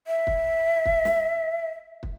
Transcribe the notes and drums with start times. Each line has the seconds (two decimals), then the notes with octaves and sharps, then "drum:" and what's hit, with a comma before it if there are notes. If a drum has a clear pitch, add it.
0.07 E5
0.27 drum: kick
0.86 drum: kick
1.05 drum: snare
2.03 drum: kick